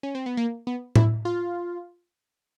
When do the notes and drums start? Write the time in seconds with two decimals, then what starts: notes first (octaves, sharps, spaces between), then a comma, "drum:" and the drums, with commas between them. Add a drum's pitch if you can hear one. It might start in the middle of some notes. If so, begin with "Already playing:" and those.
0.03 C#4
0.15 C4
0.26 B3
0.37 A#3
0.67 B3
0.96 E4, drum: tom A2
1.25 F4